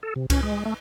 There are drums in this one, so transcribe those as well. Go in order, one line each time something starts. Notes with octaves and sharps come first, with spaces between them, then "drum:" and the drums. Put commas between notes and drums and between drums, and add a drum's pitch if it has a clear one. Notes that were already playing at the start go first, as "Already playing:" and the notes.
A4
C3
C#4, drum: kick C#2, cymbal
G#3
A3